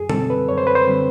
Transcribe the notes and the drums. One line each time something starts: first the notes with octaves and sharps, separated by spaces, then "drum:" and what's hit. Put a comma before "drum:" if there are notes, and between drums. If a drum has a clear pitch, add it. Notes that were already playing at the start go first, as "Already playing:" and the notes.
Already playing: F#2 G#4
D3 G3 C4 A4, drum: tom B2
B4
F#2 C#5
C5
B4
C5
D3 G3 C4